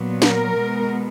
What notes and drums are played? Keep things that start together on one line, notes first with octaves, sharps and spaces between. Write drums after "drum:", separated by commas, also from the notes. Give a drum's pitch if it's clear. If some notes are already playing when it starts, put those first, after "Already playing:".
Already playing: A#2 F#3 B3
A#4, drum: snare
B2 G#3 B3